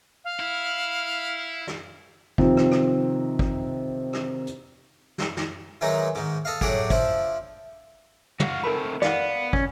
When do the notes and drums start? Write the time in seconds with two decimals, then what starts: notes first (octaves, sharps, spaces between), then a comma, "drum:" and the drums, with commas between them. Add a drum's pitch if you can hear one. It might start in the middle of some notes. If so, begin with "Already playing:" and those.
0.25 F5
0.40 E4
1.67 drum: snare
2.38 C3 D#3 F3 C4, drum: kick
2.57 drum: rim click
2.71 drum: rim click
3.39 drum: kick
4.13 drum: rim click
4.47 drum: hi-hat
5.18 drum: snare
5.37 drum: snare
5.81 D#3 E3 F#3 G#3 D#4
6.15 G#2 D#3, drum: hi-hat
6.45 A4 D#5 F5
6.61 A2 F#3 D4 G4 G#4 F#5, drum: kick
6.90 F3 D4 E4, drum: kick
8.40 F#4 F5, drum: tom
8.63 A3 C4 D#4 A#4 B5
9.02 B3 D5 F5 F#5, drum: snare
9.53 C#4, drum: kick